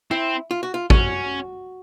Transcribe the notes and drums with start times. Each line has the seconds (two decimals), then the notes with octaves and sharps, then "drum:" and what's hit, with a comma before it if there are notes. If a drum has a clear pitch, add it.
0.11 C4 E4
0.51 F4
0.63 F#4
0.74 F4
0.90 C#4 F#4, drum: kick